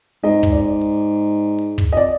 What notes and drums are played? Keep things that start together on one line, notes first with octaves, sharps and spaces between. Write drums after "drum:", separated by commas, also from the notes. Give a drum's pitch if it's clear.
G#2 D#5
drum: kick, hi-hat
D5
drum: hi-hat
drum: hi-hat
drum: kick
D#5
D5, drum: hi-hat